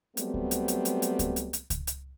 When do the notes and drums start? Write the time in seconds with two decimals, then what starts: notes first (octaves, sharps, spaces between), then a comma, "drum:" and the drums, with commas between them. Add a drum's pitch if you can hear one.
0.17 F#3 G3 A3 B3 C4, drum: hi-hat
0.34 drum: kick C#2
0.51 drum: hi-hat
0.68 drum: hi-hat
0.85 drum: hi-hat
1.02 drum: hi-hat
1.19 drum: kick C#2, hi-hat
1.36 drum: hi-hat
1.53 drum: hi-hat
1.70 drum: kick C#2, hi-hat
1.87 drum: hi-hat